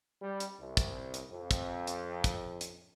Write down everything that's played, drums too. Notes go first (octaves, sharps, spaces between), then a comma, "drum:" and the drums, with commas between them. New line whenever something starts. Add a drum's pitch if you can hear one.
G3
drum: hi-hat
C2
drum: kick, hi-hat
drum: hi-hat
F2
drum: kick, hi-hat
drum: hi-hat
drum: kick, hi-hat
drum: hi-hat